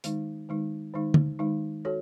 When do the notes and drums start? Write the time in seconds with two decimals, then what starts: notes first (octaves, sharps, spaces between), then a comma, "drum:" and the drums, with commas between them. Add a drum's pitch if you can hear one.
0.04 D#3 G#3 D#4, drum: hi-hat
0.49 D#3 G#3 D#4
0.94 D#3 G#3 D#4
1.14 drum: tom D3
1.39 D#3 G#3 D#4
1.85 F#4 A4 C#5